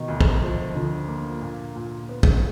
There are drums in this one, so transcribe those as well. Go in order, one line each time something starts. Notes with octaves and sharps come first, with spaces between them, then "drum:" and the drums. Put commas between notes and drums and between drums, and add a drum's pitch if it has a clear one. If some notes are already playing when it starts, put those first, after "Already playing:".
Already playing: B2 D#3
D2
drum: kick
F3
D3 F3
A#3
A#2
A#2
B3
drum: kick